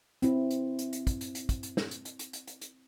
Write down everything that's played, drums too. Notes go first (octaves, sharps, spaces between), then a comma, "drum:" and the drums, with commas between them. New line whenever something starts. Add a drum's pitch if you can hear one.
C4 E4, drum: hi-hat
drum: hi-hat
drum: hi-hat
drum: hi-hat
drum: kick, hi-hat
drum: hi-hat
drum: hi-hat
drum: kick, hi-hat
drum: hi-hat
drum: snare
drum: hi-hat
drum: hi-hat
drum: hi-hat
drum: hi-hat
drum: hi-hat
drum: hi-hat